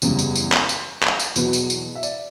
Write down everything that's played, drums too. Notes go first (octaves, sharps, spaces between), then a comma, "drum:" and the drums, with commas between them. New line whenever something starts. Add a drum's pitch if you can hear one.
F#1 E2 C#3 G3, drum: tambourine
drum: tambourine
drum: tambourine
drum: clap
drum: tambourine
drum: clap
drum: tambourine
E2 B2 F#3 B4, drum: tambourine
drum: tambourine
drum: tambourine
E5
D5, drum: tambourine